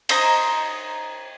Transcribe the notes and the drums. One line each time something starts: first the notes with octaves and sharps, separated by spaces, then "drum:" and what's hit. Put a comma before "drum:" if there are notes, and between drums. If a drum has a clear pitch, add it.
C5 D#5 A#5, drum: cymbal